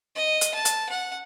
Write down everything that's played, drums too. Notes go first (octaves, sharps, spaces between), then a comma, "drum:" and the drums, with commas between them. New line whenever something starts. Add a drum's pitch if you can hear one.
D#5
drum: hi-hat
A5
drum: hi-hat
F#5